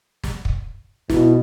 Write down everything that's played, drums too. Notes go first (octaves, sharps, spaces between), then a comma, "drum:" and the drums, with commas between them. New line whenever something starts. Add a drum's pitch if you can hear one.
drum: snare
drum: kick
B2 E4, drum: snare